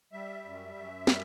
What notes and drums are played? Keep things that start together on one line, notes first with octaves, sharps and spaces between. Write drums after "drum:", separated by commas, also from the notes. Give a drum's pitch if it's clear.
G3 E5
F#2
F#2
G3, drum: snare